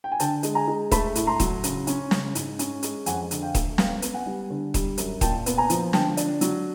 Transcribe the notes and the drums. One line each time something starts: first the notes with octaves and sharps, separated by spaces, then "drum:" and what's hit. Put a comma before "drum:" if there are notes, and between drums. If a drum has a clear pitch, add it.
G5
G#5
D3 G5 A5, drum: hi-hat
G#3, drum: hi-hat
G#5 A#5
G#3
A3 A5 B5, drum: kick D#1, hi-hat
A2, drum: hi-hat
A#5 C6
F#3, drum: kick D#1, hi-hat
C#3, drum: hi-hat
C#4, drum: hi-hat
C#3, drum: snare
G#2, drum: hi-hat
C#4, drum: hi-hat
G#3, drum: hi-hat
F2 F#5 G#5, drum: hi-hat
D3, drum: hi-hat
F5 G5
A3, drum: kick D#1, hi-hat
B3 F5 G5, drum: snare
B3, drum: hi-hat
F#5 G#5
G3
D3
G3, drum: kick D#1, hi-hat
F#2, drum: hi-hat
A#2 G5 A5, drum: kick D#1, hi-hat
B3, drum: hi-hat
G#5 A#5
F3, drum: hi-hat
D3 G5 A5, drum: snare
D4, drum: hi-hat
F#3, drum: hi-hat